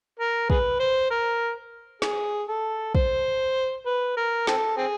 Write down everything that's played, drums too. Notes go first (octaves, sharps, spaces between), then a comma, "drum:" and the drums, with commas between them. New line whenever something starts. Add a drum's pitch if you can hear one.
A#4
G#4 B4, drum: kick
C5
A#4
G#4, drum: snare
A4
C5, drum: kick
B4
A#4
C4 A4, drum: snare
C4 G#4